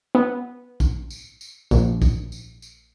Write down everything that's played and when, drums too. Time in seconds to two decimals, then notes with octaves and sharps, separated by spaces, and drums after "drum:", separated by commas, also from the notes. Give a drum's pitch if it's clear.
0.15 B3
0.80 drum: kick A#1, tambourine
1.10 drum: tambourine
1.41 drum: tambourine
1.71 A#1, drum: kick A#1, tambourine
2.02 drum: kick A#1, tambourine
2.32 drum: tambourine
2.62 drum: tambourine